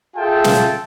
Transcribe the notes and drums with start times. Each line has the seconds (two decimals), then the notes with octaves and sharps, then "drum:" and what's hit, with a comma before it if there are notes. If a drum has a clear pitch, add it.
0.16 F4 G#4 A4 E5 G5 A5
0.44 drum: snare